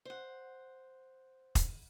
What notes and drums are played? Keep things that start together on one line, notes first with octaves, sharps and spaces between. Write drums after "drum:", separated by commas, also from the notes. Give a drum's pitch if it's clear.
C5 F#5
drum: kick, hi-hat